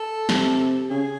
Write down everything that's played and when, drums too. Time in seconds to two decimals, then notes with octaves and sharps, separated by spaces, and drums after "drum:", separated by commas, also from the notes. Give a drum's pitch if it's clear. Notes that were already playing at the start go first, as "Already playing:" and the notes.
Already playing: A4
0.29 C3, drum: snare
0.90 C#3 G#4